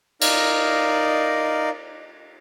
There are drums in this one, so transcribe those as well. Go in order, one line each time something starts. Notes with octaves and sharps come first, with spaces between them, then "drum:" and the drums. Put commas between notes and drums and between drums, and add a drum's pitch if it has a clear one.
D#4 A#4 D5 D#5 F5, drum: cymbal